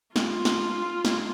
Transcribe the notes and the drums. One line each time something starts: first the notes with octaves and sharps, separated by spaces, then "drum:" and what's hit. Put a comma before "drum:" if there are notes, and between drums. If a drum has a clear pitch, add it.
F4, drum: snare
drum: snare
drum: snare